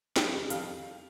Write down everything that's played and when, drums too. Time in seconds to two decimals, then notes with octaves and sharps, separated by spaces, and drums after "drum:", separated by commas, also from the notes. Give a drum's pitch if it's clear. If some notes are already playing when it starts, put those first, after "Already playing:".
0.16 F2 G5, drum: snare
0.34 C#3 G3
0.50 F2 F5, drum: hi-hat